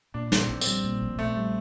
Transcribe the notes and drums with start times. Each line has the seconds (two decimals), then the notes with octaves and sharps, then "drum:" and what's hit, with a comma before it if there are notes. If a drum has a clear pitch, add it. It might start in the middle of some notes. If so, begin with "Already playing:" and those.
0.14 A#2 D4
0.32 A#1, drum: snare
0.38 C4
0.50 A#1
0.61 C4, drum: tambourine
0.67 G3
0.84 A#2
1.02 A#1
1.19 A#1 A3
1.37 G3